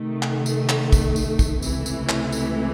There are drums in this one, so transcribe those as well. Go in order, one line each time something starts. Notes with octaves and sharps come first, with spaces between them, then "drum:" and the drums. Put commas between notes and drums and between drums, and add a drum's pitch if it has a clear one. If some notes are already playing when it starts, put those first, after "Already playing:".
Already playing: C3 D#3 A3
drum: clap
drum: tambourine
drum: clap
drum: kick, tambourine
drum: tambourine
drum: kick, tambourine
C#2 C3 E3 A3, drum: tambourine
drum: tambourine
drum: clap
drum: tambourine